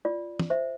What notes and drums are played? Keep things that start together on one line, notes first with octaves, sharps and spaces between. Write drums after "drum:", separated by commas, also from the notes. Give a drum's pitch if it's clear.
F4 D5
drum: tom
C5 E5